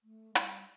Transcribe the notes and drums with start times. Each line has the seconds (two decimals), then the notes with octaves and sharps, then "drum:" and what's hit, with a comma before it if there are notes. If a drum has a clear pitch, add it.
0.03 A3
0.35 G3, drum: hi-hat